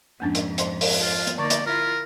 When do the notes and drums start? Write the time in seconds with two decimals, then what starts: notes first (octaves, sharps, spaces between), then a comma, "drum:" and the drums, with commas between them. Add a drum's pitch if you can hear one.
0.20 F2 G#2 A#3 C#4 D4
0.35 drum: hi-hat
0.58 C5 C6, drum: hi-hat
0.81 drum: open hi-hat
1.01 F4
1.27 drum: hi-hat
1.38 D3 A#3 D#4 D5 C#6
1.50 drum: hi-hat
1.67 E4 F4 A#4